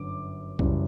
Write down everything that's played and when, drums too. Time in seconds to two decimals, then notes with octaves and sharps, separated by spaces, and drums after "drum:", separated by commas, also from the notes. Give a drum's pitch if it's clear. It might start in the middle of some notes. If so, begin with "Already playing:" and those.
Already playing: G1 F#2 F#3 D6
0.59 F#1 F#2 E3 G3, drum: kick C2